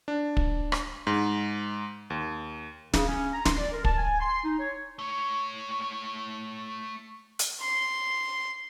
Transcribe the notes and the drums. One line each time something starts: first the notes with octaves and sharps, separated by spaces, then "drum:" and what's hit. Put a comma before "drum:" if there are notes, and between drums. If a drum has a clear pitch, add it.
D4
drum: kick
drum: rim click
G#2
D#2
C#3, drum: snare
C#4
A#5
C6, drum: snare
D5
A#4
A5, drum: kick
G#5
C6
D#4
C#5
A3 C#5
drum: hi-hat
C6